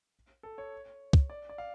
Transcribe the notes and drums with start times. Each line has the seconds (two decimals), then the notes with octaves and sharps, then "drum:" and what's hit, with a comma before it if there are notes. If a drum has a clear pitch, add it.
0.43 A4
0.58 C#5
1.13 drum: kick
1.30 D5
1.49 D5
1.58 F5